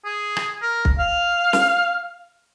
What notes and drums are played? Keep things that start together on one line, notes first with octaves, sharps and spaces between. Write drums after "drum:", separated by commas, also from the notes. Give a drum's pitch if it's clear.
G#4
drum: rim click
A#4
drum: kick B1
F5
drum: snare